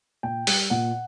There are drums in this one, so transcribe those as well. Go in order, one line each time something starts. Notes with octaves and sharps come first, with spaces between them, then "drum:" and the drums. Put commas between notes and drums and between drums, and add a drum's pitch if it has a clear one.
A#2 G5
G3, drum: open hi-hat
A#2 F#5